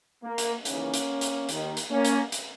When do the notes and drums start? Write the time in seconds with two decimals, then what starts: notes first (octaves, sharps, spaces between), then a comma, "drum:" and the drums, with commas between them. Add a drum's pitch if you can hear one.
0.24 A#3
0.38 drum: hi-hat
0.65 D#2 C#3 E3 A#3 C#4, drum: hi-hat
0.94 drum: hi-hat
1.21 drum: hi-hat
1.49 D#2 D#3, drum: hi-hat
1.77 drum: hi-hat
1.91 A#3 C#4
2.05 drum: hi-hat
2.32 drum: hi-hat